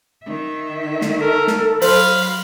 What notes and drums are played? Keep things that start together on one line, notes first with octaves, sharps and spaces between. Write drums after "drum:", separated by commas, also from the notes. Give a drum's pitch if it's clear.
D#3 E5
drum: snare
A4 A#4
drum: snare
F#3 C5 F5 B5, drum: open hi-hat